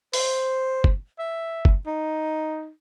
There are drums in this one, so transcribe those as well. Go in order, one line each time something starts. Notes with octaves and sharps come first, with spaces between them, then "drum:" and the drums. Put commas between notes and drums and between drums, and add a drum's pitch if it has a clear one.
C5, drum: open hi-hat
drum: kick F#1
E5
drum: kick F#1
D#4